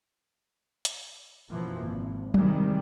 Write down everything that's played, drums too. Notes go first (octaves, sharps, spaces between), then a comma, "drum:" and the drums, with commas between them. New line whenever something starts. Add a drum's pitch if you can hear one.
drum: hi-hat
F#2 B2 E3 F3 A#3
G#1
C3 D#3 G3 G#3, drum: tom F#3